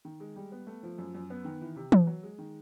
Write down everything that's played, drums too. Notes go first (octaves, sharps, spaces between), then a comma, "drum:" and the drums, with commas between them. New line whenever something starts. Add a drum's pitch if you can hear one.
D#3
G#3
G3
B3
A3
F3
F#2
F#2
B3
D#3
E3
C3
F#3, drum: tom E3
F#3
G#3
D#3